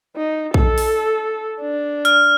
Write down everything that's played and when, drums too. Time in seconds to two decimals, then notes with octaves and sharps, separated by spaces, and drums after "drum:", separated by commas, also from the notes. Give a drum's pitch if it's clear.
0.16 D#4
0.54 A4, drum: kick A#1
0.78 drum: open hi-hat
1.61 D4
2.05 F6, drum: hi-hat